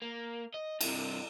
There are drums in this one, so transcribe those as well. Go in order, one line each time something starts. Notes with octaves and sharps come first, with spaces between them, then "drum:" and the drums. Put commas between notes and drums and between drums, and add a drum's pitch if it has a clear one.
A#3
D#5
G2 C3, drum: cymbal